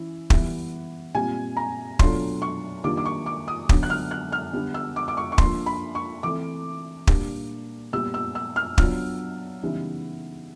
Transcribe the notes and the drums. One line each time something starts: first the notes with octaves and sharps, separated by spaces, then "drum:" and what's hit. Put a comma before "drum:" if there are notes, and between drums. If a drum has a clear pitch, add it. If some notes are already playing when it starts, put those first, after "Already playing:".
Already playing: E3 C#4 E4
E3 G3 B3, drum: kick
A#2 G3 C4 F4 G#5
A#5
B2 F#3 A3 D4 F4 C6, drum: kick
C#6
D#3 G3 A#3 D4 F4 D6
D6
C#6
D6
D#6
D3 F#3 B3, drum: kick
F#6
F6
F#6
F6
D3 G3 B3
E6
D6
D6
C#6
C#6
F3 A#3 D4 F4 C6, drum: kick
B5
C#6
E3 A3 C4 D6
A#2 G3 A#3 D4, drum: kick
A#2 G3 B3 E6
E6
E6
F6
F#3 B3 D4 F4 F6, drum: kick
C#3 E3 G3 B3 D#4